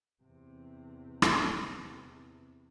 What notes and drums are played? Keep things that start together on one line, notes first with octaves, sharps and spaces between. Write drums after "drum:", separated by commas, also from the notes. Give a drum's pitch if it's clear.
E2 C3
drum: rim click